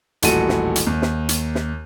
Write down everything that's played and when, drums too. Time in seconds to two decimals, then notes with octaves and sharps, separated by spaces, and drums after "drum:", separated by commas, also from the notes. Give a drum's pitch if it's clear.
0.22 D#1 A1 F#4 A4 D#7, drum: hi-hat
0.49 drum: snare
0.76 drum: hi-hat
0.87 D#2
1.02 drum: snare
1.29 drum: hi-hat
1.55 drum: snare